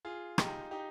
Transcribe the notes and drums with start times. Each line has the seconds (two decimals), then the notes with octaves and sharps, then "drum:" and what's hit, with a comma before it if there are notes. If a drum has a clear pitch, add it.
0.05 F4 G#4
0.38 D#4 G4, drum: rim click
0.71 D#4 G4